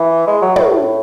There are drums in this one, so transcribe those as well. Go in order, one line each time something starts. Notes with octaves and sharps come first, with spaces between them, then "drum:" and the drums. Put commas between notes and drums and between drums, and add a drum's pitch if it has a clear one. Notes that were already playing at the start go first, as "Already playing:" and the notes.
Already playing: E3
G#3
F#3
A2, drum: tom
A2